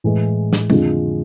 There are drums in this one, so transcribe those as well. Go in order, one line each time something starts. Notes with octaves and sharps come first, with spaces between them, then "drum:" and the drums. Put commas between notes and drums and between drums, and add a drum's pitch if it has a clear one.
A2 E3 G#3
drum: snare
F2 D3 G#3 D4 F4, drum: tom